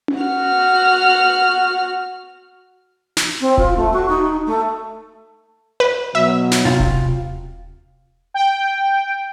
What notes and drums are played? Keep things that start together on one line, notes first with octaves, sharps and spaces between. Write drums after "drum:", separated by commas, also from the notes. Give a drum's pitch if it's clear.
drum: tom C#4
F#4 F6
drum: snare
C4
F4, drum: kick D#1
A3
F#4
D#4
A3
B4
B2 F#3 E5
drum: snare
C3 F4
drum: kick D#1
G5